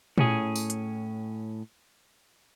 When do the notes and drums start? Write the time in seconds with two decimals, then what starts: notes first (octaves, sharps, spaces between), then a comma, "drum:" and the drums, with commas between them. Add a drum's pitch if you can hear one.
0.18 A2 C#4 G#4, drum: tom A#2
0.55 drum: tambourine
0.70 drum: hi-hat